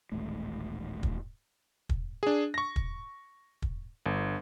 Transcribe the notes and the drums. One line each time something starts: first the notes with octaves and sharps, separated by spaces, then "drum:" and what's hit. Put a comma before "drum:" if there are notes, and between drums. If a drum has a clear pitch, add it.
D#1 A1 G#3 A3
drum: kick
drum: kick
D4 G#4
C#6 A#6
drum: kick
drum: kick
G1